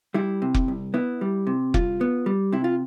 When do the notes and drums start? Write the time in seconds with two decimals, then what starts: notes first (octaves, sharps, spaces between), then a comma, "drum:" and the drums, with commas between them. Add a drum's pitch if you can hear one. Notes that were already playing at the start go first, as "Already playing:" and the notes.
0.14 G3 E4
0.42 C3
0.54 drum: kick F1
0.68 C2
0.94 B3 E4
1.21 G3
1.47 C3
1.74 C2 F4, drum: kick F1
2.01 B3
2.26 G3
2.52 C3 E4
2.64 F4